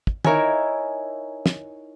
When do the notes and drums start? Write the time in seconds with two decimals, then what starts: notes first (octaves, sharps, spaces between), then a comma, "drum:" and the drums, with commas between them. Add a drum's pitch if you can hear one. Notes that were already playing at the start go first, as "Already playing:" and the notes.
0.07 drum: kick
0.25 D#4 E4 A#4 C#5 E5 G#5, drum: tom
1.46 drum: snare